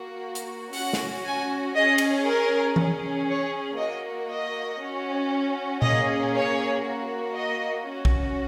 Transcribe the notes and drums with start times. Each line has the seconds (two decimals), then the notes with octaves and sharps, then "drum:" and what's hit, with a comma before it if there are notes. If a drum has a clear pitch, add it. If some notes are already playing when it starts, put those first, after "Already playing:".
Already playing: A#3 F#4
0.35 drum: hi-hat
0.73 C#4 F#4 F#5, drum: open hi-hat
0.93 drum: snare
1.24 G#5
1.74 C#4 G#4 D#5
1.98 drum: cymbal
2.26 A#4
2.76 C#4 G#4, drum: tom E3
3.28 C#5
3.78 A#3 F#4 D#5
4.30 D#5
4.81 C#4 F#4
5.82 A#3 C#4 G#4 D#5, drum: tom A#2
6.33 C#5
6.84 A#3 F#4
7.34 D#5
7.85 C#4 F#4
8.05 drum: kick B1